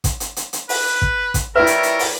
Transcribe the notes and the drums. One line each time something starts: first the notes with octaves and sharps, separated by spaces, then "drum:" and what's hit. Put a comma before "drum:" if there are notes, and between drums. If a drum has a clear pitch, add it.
drum: kick, hi-hat
drum: hi-hat
drum: hi-hat
drum: hi-hat
B4, drum: open hi-hat
drum: kick
drum: kick, hi-hat
G3 E4 F4 A#4 B4 C#5 E5
drum: hi-hat
drum: hi-hat
drum: open hi-hat